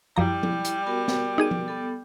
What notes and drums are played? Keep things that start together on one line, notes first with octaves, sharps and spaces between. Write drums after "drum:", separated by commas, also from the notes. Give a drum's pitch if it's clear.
F#2 F3 G3 E4 A#5
drum: tom F3
drum: hi-hat
B3 F#4 A#4
drum: snare
D#4 G#4 D#7
drum: tom F3
B3 A4